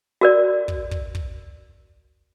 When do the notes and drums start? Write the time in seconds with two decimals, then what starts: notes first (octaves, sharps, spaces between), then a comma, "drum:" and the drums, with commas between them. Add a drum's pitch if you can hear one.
0.21 F#4 A#4 D5
0.68 drum: kick
0.91 drum: kick
1.15 drum: kick